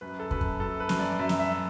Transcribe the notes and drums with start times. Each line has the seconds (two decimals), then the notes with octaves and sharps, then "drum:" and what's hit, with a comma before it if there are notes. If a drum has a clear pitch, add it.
0.01 F#2 B4
0.20 A4
0.31 F#2 B4, drum: kick
0.41 drum: kick
0.60 F#2 A4
0.80 B4
0.89 F#2, drum: snare
0.99 D5
1.19 F#2 E5
1.29 drum: snare
1.39 E5